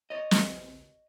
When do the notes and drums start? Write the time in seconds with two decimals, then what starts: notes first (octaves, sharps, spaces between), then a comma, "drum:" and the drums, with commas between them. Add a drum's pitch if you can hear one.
0.10 C#5 D#5
0.31 drum: snare